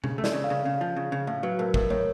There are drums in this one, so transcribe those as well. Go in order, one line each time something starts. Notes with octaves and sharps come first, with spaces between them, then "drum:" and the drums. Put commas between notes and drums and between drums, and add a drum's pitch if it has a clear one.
C#3, drum: tom B2
A3
D5, drum: snare
C#3
F5
C#3
C#3 F5
F3
C#3
C#3
A2 F5
F#3 B4
A2 A#4
A2 A#4, drum: kick
A2 C#5